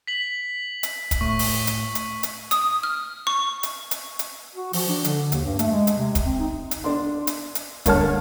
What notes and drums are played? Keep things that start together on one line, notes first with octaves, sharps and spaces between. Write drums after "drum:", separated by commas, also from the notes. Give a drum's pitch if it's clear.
B6 F#7
drum: hi-hat
drum: kick, hi-hat
A2 C#6
drum: open hi-hat
drum: hi-hat
drum: hi-hat
drum: hi-hat
D#6, drum: hi-hat
F6
C#6
drum: hi-hat
drum: hi-hat
drum: hi-hat
F#4
F3, drum: open hi-hat
D4
D3, drum: hi-hat
D#2, drum: hi-hat
G2
A3, drum: hi-hat
G#3
drum: hi-hat
C3
drum: kick, hi-hat
C4
D#4
drum: hi-hat
D4 C6
drum: hi-hat
drum: hi-hat
G2 D3 A#3 C#5 A5 F6, drum: kick, hi-hat